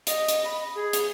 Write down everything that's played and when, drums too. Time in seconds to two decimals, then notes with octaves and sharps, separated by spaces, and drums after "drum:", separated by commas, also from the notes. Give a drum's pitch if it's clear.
0.07 D#5, drum: hi-hat
0.28 drum: hi-hat
0.45 B5
0.75 G#4
0.93 drum: hi-hat